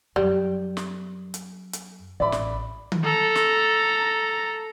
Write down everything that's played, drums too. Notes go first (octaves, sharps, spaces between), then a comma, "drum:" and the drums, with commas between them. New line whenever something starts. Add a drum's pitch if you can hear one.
F#2 G3
drum: snare
drum: hi-hat
drum: hi-hat
A1 D5 E5 B5
drum: snare
drum: tom D#3
A4 A#5
drum: snare